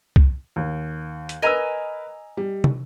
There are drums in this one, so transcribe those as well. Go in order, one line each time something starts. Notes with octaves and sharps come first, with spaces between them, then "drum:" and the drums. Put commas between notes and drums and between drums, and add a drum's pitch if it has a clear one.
drum: kick
D#2
drum: hi-hat
A#4 B4 D#5 G#5 A#5 E6
G3
drum: tom